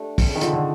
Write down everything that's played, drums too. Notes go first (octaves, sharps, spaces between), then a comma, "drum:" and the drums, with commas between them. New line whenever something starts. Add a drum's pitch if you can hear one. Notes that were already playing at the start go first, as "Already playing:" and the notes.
Already playing: A3 D4 G4
C4, drum: kick, open hi-hat
C#3
D#3
D3 F4, drum: hi-hat
D3